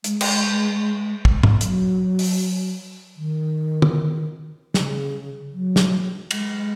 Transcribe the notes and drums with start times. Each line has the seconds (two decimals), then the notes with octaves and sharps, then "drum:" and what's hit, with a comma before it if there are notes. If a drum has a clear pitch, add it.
0.04 G#3, drum: hi-hat
0.21 drum: cymbal
1.25 drum: kick
1.43 drum: tom
1.61 F#3, drum: hi-hat
2.19 drum: open hi-hat
3.17 D#3
3.82 drum: tom
4.74 C#3, drum: snare
5.53 F#3
5.76 drum: snare
6.31 G#3, drum: cymbal